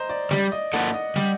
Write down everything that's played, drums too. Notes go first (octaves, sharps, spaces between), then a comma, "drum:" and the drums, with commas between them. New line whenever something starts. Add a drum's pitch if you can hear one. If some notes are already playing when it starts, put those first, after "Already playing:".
Already playing: C5 D#5 A#5
D5
G3 D5, drum: snare
D#5
A#3 D#4 A4 F#5
D#5
G3, drum: snare